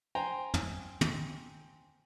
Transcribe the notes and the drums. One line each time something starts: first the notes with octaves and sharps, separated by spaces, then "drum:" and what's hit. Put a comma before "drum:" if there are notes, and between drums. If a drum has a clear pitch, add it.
C5 G5 G#5 A#5
drum: tom
drum: tom